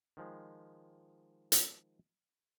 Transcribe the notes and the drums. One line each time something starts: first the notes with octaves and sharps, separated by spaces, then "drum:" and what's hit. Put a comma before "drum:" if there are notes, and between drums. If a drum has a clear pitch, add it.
D#3 F3 G#3
drum: hi-hat